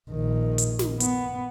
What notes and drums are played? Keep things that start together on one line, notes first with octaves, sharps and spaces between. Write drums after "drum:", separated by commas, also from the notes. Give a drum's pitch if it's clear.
A#1 D#3
drum: hi-hat
drum: snare
B3, drum: hi-hat